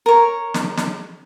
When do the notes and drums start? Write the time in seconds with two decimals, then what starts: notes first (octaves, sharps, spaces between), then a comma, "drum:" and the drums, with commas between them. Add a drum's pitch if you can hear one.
0.06 A#4 C#5
0.54 drum: snare
0.77 drum: snare